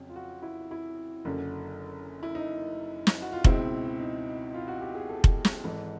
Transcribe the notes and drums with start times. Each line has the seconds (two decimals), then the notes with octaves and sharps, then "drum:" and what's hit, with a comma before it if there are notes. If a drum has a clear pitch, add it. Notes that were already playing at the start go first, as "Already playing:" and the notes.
Already playing: F2 C#3 F#3
0.09 F4
0.16 F#4
0.42 E4
0.71 E4
1.25 F#1 F#2 D3
2.23 E4
2.35 D#4
3.07 drum: snare
3.22 F#4
3.33 F4
3.44 C#2 B2 G#3 C4 E4, drum: kick F1
3.99 D#4
4.54 F4
4.68 F#4
4.81 G4
4.95 G#4
5.09 A4
5.24 drum: kick F1
5.45 drum: snare
5.64 G#1 G#2 E3 A4